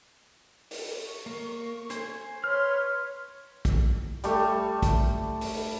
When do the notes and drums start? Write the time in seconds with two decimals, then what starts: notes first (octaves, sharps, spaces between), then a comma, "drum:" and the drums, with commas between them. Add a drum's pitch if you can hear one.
0.71 drum: open hi-hat
1.04 C#6
1.26 A#3
1.90 C5 G#5, drum: hi-hat
2.44 B4 C#5 C6 F6
3.65 drum: kick, hi-hat
4.24 G3 A3 C#6, drum: hi-hat
4.82 drum: kick, hi-hat
5.41 drum: open hi-hat